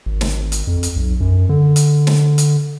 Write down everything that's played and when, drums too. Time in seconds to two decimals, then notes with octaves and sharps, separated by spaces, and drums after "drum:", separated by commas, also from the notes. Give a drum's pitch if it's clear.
0.06 G#1
0.21 drum: snare
0.52 drum: hi-hat
0.67 F2
0.83 drum: hi-hat
0.96 B1
1.21 F#2
1.49 D3
1.76 drum: hi-hat
2.07 drum: snare
2.38 drum: hi-hat